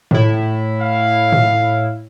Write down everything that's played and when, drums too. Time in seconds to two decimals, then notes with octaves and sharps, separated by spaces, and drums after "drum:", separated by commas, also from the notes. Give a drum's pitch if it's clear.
0.11 A2 E4, drum: tom
0.81 F5
1.32 drum: tom